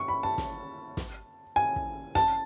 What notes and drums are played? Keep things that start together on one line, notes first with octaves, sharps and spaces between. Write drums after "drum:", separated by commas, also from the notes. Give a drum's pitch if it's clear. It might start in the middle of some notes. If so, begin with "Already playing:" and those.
Already playing: C#6
B5
A5
drum: snare
drum: snare
G#5
drum: kick
A5, drum: snare